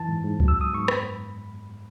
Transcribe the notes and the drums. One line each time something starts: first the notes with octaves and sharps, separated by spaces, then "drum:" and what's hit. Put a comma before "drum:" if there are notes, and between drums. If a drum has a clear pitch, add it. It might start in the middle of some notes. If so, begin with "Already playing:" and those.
Already playing: F#2 E3 A5
G#2
G#2
F#3, drum: kick C#2
E6
G#2 D#6
G#2 C#6
F#2 B5, drum: rim click